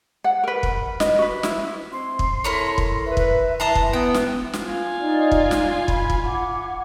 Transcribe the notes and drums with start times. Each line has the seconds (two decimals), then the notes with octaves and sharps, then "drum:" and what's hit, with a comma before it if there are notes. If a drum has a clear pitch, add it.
0.24 F#5
0.44 A#4 B4
0.63 drum: kick
1.00 D#5, drum: snare
1.18 F#4 B4
1.43 E4, drum: snare
1.93 C4 C6
2.19 drum: kick
2.44 E4 A4 A#4 C#5
2.78 drum: kick
3.06 B4 E5
3.17 drum: kick
3.60 E3 A5 A#5 C6
3.75 drum: kick
3.93 B3 G5
4.14 drum: snare
4.53 drum: snare
4.66 F4 G#5
4.99 D#4 D5
5.32 drum: kick
5.51 drum: snare
5.88 B5, drum: kick
6.10 drum: kick
6.23 F#5 D6